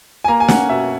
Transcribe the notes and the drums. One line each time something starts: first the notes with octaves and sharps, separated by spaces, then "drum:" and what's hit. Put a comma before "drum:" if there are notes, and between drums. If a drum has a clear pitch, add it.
G#5
A#3 A#5
G#5
C#4 F#5, drum: snare
B2 E5